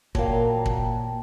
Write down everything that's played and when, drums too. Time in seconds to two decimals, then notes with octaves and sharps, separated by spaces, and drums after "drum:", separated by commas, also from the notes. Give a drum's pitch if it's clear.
0.15 A#2 F#3 A#3 G5 A5, drum: kick
0.66 drum: kick